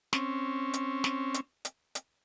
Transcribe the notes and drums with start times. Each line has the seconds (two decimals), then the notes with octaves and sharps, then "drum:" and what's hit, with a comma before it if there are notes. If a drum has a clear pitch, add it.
0.13 C4 C#4, drum: snare
0.74 drum: hi-hat
1.04 drum: snare
1.34 drum: hi-hat
1.65 drum: hi-hat
1.95 drum: hi-hat